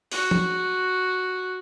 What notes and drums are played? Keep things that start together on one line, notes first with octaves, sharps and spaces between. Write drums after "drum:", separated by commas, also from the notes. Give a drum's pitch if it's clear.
F#4, drum: open hi-hat
drum: tom F3